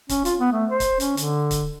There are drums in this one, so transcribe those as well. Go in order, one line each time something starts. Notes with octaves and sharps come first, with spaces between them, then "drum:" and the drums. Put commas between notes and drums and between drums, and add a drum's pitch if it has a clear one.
C#4, drum: kick C#1, hi-hat
F4, drum: hi-hat
B3
A3
C5
drum: kick C#1, hi-hat
C#4, drum: hi-hat
D3, drum: hi-hat
drum: kick C#1, hi-hat